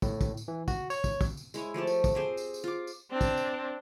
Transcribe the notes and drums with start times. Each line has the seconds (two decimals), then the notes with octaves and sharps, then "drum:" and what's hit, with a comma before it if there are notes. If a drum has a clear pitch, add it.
0.02 A2, drum: kick, tambourine
0.21 drum: kick, tambourine
0.37 drum: tambourine
0.48 E3
0.68 F#4, drum: kick, tambourine
0.90 C#5, drum: tambourine
1.04 drum: kick, tambourine
1.21 drum: kick, tambourine
1.37 drum: tambourine
1.54 G#3 E4 C#5 G#5, drum: tambourine
1.74 F3 A3 G4 A5
1.87 drum: tambourine
2.04 drum: kick, tambourine
2.15 C4 G4 G#4 C5
2.37 drum: tambourine
2.54 drum: tambourine
2.64 F4 D6
2.87 drum: tambourine
3.11 C4 D4
3.21 drum: kick, tambourine
3.37 drum: tambourine